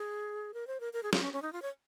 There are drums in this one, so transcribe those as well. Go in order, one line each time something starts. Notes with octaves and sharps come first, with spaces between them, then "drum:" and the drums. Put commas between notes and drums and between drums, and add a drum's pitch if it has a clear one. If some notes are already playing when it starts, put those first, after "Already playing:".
Already playing: G#4
A#4
C5
A#4
A#4
G#4
F4, drum: snare
C#4
C#4
D#4
F4
C#5